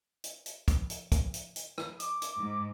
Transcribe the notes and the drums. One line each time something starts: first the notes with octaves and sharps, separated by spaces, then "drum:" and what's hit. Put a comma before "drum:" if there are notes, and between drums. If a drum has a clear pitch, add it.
drum: hi-hat
drum: hi-hat
drum: kick, hi-hat
drum: hi-hat
drum: kick, hi-hat
drum: hi-hat
drum: hi-hat
drum: rim click
D6, drum: hi-hat
drum: hi-hat
G#2